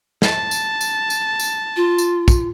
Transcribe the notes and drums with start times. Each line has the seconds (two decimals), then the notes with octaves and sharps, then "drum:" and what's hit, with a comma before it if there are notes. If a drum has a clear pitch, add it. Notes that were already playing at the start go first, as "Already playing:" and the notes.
0.22 A5, drum: snare
0.51 drum: tambourine
0.81 drum: tambourine
1.10 drum: tambourine
1.39 drum: tambourine
1.76 F4
1.98 drum: tambourine
2.28 drum: kick, tambourine